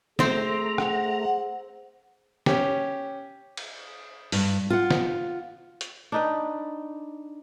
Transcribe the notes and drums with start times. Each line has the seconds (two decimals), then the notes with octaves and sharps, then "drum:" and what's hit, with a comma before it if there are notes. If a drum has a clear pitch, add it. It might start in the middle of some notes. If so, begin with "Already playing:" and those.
0.19 A3 C4 G#4 C5 A#5, drum: snare
0.78 F#5, drum: rim click
2.46 C#4 G4, drum: snare
3.57 drum: cymbal
4.32 G2, drum: open hi-hat
4.70 F4 F#5
4.90 drum: snare
5.81 drum: hi-hat
6.12 D4 D#4 B4